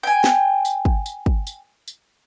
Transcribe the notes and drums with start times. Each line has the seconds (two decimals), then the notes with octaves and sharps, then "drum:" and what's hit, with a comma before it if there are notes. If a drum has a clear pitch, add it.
0.03 G5 G#5
0.24 drum: snare
0.65 drum: tambourine
0.85 drum: kick
1.06 drum: tambourine
1.26 drum: kick
1.47 drum: tambourine
1.88 drum: tambourine